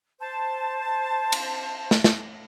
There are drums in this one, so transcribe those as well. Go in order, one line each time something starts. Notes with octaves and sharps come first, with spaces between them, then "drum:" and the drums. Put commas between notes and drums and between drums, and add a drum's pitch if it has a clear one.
C5 A5
drum: cymbal
drum: snare
drum: snare